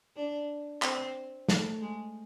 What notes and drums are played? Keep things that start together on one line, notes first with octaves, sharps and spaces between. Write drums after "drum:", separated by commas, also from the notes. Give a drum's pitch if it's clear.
D4
C4, drum: clap
A3, drum: snare
G#3